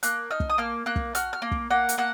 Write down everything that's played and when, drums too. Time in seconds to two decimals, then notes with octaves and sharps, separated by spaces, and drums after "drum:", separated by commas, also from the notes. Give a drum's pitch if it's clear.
0.03 A#3 F#6, drum: hi-hat
0.31 D#4 F6
0.40 drum: kick
0.50 D#6
0.58 A#3 F6
0.86 A#3 F#6
0.96 drum: kick
1.15 F#4 F6, drum: hi-hat
1.33 F6
1.42 A#3
1.51 drum: kick
1.70 A#3 F#5
1.89 drum: hi-hat
1.98 A#3 F#5